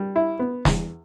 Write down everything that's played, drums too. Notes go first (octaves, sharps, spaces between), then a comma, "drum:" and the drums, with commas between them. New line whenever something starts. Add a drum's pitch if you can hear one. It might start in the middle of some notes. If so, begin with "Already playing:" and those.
Already playing: G3
E4
B3
E2, drum: snare